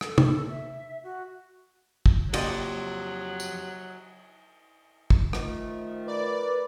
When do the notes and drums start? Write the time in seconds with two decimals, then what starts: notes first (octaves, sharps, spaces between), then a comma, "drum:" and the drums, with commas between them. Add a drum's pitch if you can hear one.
0.01 A4, drum: rim click
0.18 drum: tom
0.49 E5
1.04 F#4
2.06 drum: kick
2.34 F2 C#3 F#3 A#3 G4 D5 D#5 C6, drum: cymbal
3.40 drum: tambourine
5.10 drum: kick
5.33 D#3 F3 A3, drum: rim click
6.07 A#4 B4 D5